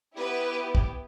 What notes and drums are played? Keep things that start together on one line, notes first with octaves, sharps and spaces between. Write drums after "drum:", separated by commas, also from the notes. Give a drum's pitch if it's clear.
B3 E4 G4 B4
drum: kick